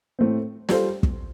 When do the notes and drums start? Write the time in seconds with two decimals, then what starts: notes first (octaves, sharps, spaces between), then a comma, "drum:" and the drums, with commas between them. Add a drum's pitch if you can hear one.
0.19 A2 A3 C4
0.69 G3 F4 A4 C5, drum: snare
1.03 drum: kick